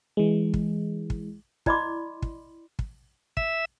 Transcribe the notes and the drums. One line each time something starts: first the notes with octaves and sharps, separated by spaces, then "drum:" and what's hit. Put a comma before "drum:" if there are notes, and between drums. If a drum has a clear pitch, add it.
E3 G#3
drum: kick
drum: kick
E4 D5 D#5 B5 C6 D6, drum: kick
drum: kick
drum: kick
E5, drum: kick